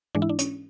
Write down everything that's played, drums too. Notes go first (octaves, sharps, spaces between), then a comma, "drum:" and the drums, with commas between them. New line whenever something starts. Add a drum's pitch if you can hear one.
G#2 E3 G#3 D4
E4
D4
C#4, drum: hi-hat